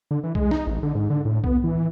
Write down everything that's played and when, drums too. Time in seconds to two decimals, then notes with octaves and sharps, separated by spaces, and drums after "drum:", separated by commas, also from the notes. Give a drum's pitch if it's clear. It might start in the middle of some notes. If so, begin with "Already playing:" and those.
0.11 D3
0.24 E3
0.35 G#3, drum: kick B1
0.51 D#4, drum: snare
0.67 A1
0.83 D3
0.95 G#2
1.10 D3
1.25 A2
1.44 B3, drum: kick B1
1.64 E3